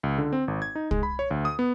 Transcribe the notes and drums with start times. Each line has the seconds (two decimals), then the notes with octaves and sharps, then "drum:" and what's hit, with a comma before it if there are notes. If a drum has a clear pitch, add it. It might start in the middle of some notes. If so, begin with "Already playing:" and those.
0.03 C#2
0.18 D3
0.33 C4
0.48 G#1
0.62 G#6
0.75 D#4
0.91 G#3, drum: kick C2
1.03 B5
1.19 C#5
1.31 D2
1.45 D#6
1.59 B3